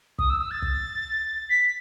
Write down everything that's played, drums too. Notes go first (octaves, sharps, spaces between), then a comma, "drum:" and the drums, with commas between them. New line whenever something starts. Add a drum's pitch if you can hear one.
D#6, drum: kick
E6
E6
A6
drum: kick
B6